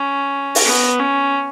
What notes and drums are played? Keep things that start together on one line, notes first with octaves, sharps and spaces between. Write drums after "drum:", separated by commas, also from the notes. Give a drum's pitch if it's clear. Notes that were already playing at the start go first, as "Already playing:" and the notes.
Already playing: C#4
drum: open hi-hat
B3
C#4